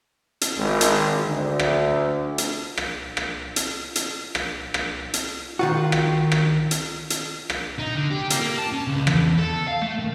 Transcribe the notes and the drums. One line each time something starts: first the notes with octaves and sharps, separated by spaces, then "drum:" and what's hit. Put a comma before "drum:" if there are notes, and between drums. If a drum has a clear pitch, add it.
drum: hi-hat
G#1
drum: hi-hat
D2
drum: rim click
drum: hi-hat
drum: rim click
drum: rim click
drum: hi-hat
drum: hi-hat
drum: rim click
drum: rim click
drum: hi-hat
D#3 F4 F#4
drum: rim click
drum: rim click
drum: hi-hat
drum: hi-hat
drum: rim click
D#4
D3
G4
A#3, drum: hi-hat
A5
C#4
C#2
E2, drum: rim click
A4
F5
A3
D#3